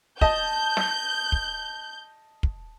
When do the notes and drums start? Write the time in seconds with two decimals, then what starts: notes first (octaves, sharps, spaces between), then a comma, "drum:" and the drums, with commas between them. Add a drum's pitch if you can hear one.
0.21 D#5 A5 G6, drum: kick
0.77 drum: snare
1.32 drum: kick
2.43 drum: kick